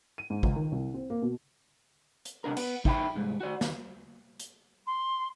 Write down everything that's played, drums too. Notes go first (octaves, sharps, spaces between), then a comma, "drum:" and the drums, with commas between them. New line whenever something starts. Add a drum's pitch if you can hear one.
D#7
G#2
C#2, drum: kick
D#3
C2
C4
A#3
B2
drum: hi-hat
C3 D4 A#4
B3, drum: cymbal
D#4 E5 G5 B5, drum: kick
C2 G#2
F#4 D5
D#2, drum: snare
drum: hi-hat
C6